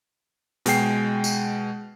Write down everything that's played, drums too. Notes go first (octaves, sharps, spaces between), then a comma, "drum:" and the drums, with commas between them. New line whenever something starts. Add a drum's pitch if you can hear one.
B2 G#3 G5 C7, drum: hi-hat
drum: tambourine